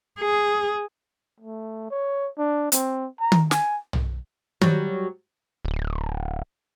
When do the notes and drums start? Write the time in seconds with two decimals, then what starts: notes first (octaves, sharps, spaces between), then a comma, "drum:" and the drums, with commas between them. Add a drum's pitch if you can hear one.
0.20 G#4
1.40 A3
1.90 C#5
2.38 D4
2.72 C4, drum: hi-hat
3.20 A#5
3.32 drum: tom D#3
3.51 G#5, drum: snare
3.93 drum: tom
4.61 F#3 G3, drum: tom D#3
5.65 D1